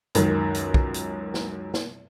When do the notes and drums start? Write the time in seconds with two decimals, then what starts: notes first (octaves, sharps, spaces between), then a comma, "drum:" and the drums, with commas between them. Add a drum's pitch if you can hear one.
0.15 C#2 F#2 D#3, drum: hi-hat
0.55 drum: hi-hat
0.74 drum: kick
0.94 drum: hi-hat
1.34 drum: snare
1.74 drum: snare